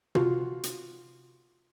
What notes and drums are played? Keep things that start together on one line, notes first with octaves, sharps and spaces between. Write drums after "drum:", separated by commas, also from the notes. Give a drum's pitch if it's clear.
C3 F4 F#4, drum: tom
drum: hi-hat